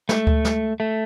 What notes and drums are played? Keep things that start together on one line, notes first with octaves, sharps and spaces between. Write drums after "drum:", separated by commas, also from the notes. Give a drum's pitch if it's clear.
A3, drum: snare
drum: kick D2
drum: snare
A3